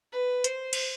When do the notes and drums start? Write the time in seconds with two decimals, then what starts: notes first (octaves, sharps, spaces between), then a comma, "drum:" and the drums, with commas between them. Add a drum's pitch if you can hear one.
0.12 B4
0.44 C5, drum: hi-hat
0.73 drum: cymbal